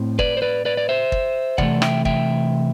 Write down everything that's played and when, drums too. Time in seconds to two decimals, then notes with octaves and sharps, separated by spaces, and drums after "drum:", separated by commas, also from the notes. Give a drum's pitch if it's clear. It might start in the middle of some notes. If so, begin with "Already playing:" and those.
Already playing: A2 C4
0.19 B4 D5, drum: kick
0.37 C5
0.42 B4 D5
0.65 B4 D5
0.77 D5
0.89 C5 E5
1.12 drum: kick
1.58 C3 E3 A3 D5 F#5, drum: kick
1.82 E5 G5, drum: rim click
2.05 E5 G5, drum: kick